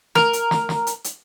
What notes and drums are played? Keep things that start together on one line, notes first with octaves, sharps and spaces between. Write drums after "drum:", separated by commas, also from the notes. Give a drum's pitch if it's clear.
A#4, drum: snare
drum: hi-hat
drum: snare
drum: snare
drum: hi-hat
drum: hi-hat